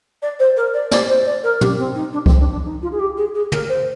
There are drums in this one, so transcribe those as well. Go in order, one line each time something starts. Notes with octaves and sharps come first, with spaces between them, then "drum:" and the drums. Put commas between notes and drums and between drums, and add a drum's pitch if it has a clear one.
D5
C5
A#4
D5
D5, drum: snare
C5
D5
A#4
G4, drum: tom
C4
D#4
D4
C4, drum: kick C2
D4
D4
D#4
F4
G#4
G4
G#4
G#4
A#4, drum: tom
C5